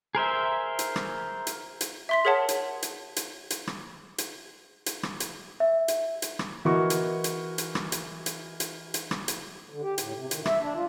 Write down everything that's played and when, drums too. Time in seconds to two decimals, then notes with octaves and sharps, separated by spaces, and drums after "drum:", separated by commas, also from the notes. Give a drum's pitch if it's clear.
0.15 G#4 A#4 C5 E5
0.79 drum: hi-hat
0.96 drum: rim click
1.47 drum: hi-hat
1.81 drum: hi-hat
2.09 E5 C6 B6
2.25 G#4 A#4 C#5 F#5 A5
2.49 drum: hi-hat
2.82 drum: hi-hat
3.16 drum: hi-hat
3.50 drum: hi-hat
3.67 drum: rim click
4.18 drum: hi-hat
4.86 drum: hi-hat
5.03 drum: rim click
5.20 drum: hi-hat
5.60 E5
5.88 drum: hi-hat
6.22 drum: hi-hat
6.39 drum: rim click
6.65 E3 F#4 A#4 D#5 C#6
6.90 drum: hi-hat
7.24 drum: hi-hat
7.58 drum: hi-hat
7.75 drum: rim click
7.92 drum: hi-hat
8.26 drum: hi-hat
8.60 drum: hi-hat
8.94 drum: hi-hat
9.11 drum: rim click
9.28 drum: hi-hat
9.70 D3
9.82 G4
9.98 A2, drum: hi-hat
10.13 C3
10.31 D#3, drum: hi-hat
10.46 E5, drum: rim click
10.60 D4
10.75 F4